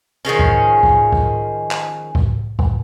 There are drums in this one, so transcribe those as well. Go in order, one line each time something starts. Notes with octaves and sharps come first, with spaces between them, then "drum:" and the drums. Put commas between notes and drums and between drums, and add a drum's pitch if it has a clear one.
D#3 F3 G#3 C#4
drum: kick C2
drum: kick C2
drum: kick C2
drum: clap
drum: kick C2
drum: kick C2